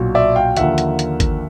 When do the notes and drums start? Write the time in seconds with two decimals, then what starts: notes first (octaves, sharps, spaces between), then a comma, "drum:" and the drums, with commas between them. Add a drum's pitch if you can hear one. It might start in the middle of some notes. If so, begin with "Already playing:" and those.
Already playing: B1 A#2 F#3
0.15 D5 E5
0.36 F5 G5
0.56 D#2 D3 F3 A#3 E5 F#5, drum: hi-hat
0.78 drum: hi-hat
0.99 drum: hi-hat
1.20 drum: kick G#1, hi-hat